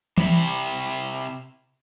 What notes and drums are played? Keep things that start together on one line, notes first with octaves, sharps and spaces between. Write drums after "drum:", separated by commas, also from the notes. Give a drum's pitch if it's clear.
C3 E4, drum: tom E3
drum: hi-hat